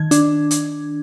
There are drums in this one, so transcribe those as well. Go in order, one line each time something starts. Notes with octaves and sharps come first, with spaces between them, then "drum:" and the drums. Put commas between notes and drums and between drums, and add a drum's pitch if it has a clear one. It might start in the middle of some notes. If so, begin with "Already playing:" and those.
Already playing: D#3 G#6
D4, drum: hi-hat
drum: hi-hat